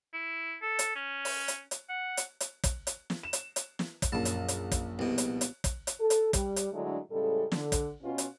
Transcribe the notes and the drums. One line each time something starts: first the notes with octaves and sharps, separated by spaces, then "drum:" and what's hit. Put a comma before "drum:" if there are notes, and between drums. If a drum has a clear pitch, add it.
E4
A4
drum: hi-hat
C#4
drum: open hi-hat
drum: hi-hat
drum: hi-hat
F#5
drum: hi-hat
drum: hi-hat
drum: kick, hi-hat
drum: hi-hat
drum: snare
E7
drum: hi-hat
drum: hi-hat
drum: snare
drum: kick, hi-hat
A#1 F#2 A5
drum: hi-hat
drum: hi-hat
drum: kick, hi-hat
C2 B2
drum: hi-hat
drum: hi-hat
drum: kick, hi-hat
drum: hi-hat
A4
drum: hi-hat
G3, drum: kick, hi-hat
drum: hi-hat
D3 F#3 G#3 A3 D4 E4
A2 C#3 G3 G#3 A4
D3, drum: snare
drum: kick, hi-hat
B2 C#4 F4
drum: hi-hat